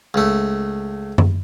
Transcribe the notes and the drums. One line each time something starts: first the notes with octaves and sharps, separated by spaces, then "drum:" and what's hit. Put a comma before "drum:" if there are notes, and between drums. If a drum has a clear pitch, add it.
C#2 A3
drum: tom F#2